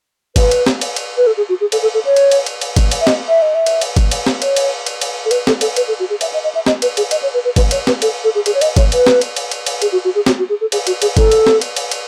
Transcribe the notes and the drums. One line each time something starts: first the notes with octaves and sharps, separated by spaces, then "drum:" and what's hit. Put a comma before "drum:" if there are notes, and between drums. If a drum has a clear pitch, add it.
B4, drum: kick, cymbal
drum: cymbal
drum: snare
drum: cymbal
drum: cymbal
B4
A4
G#4
F#4
G#4
A4, drum: cymbal
A4
A4
C#5
drum: cymbal
drum: cymbal
drum: cymbal
drum: cymbal
drum: kick, cymbal
drum: cymbal
E5
D#5, drum: snare
E5
D#5
E5
drum: cymbal
drum: cymbal
drum: kick, cymbal
drum: cymbal
drum: snare
C#5, drum: cymbal
drum: cymbal
drum: cymbal
drum: cymbal
A4
B4, drum: cymbal
A4, drum: snare
A4, drum: cymbal
B4, drum: cymbal
A4
F#4
G#4
E5, drum: cymbal
D#5
D#5
E5
D#5, drum: snare
B4, drum: cymbal
G#4, drum: cymbal
D#5, drum: cymbal
C#5
B4
B4
B4, drum: kick, cymbal
C#5, drum: cymbal
B4, drum: snare
A4, drum: cymbal
A4
G#4
G#4, drum: cymbal
C#5
D#5, drum: cymbal
C#5, drum: kick, cymbal
B4, drum: cymbal
drum: snare
drum: cymbal
drum: cymbal
drum: cymbal
drum: cymbal
G#4, drum: cymbal
F#4
F#4
G#4
F#4, drum: snare
F#4
G#4
A4
G#4, drum: cymbal
F#4, drum: cymbal
G#4, drum: cymbal
A4, drum: kick, cymbal
drum: cymbal
drum: snare
drum: cymbal
drum: cymbal
drum: cymbal